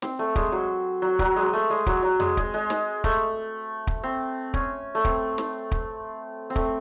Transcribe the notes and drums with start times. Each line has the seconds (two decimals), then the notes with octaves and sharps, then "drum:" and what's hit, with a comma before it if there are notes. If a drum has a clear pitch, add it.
0.02 C4, drum: snare
0.19 A3
0.36 G#3, drum: kick
0.52 F#3
1.02 F#3
1.19 F#3, drum: kick
1.36 G#3
1.53 A3
1.70 G#3
1.86 F#3, drum: kick
2.02 F#3
2.20 G#3, drum: tom F2
2.37 G#3, drum: kick
2.54 G#3
2.70 drum: snare
3.04 A3, drum: kick
3.87 drum: kick
4.03 C4
4.54 C#4, drum: kick
4.95 A3
5.05 C4, drum: kick
5.38 drum: snare
5.72 drum: kick
6.50 C4
6.56 A3, drum: kick